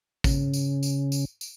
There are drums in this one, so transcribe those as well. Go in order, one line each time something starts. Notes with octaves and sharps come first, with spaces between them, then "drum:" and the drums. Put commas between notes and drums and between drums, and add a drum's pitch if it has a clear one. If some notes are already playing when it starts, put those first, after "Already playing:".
C#3, drum: kick, tambourine
drum: tambourine
drum: tambourine
drum: tambourine
drum: tambourine